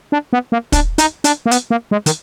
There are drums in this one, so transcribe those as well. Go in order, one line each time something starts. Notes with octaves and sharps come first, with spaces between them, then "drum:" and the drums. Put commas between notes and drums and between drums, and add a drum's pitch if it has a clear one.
D4
B3
A#3
D4, drum: kick, hi-hat
D#4, drum: hi-hat
D4, drum: hi-hat
A#3
B3, drum: hi-hat
A#3
G#3
D#3, drum: hi-hat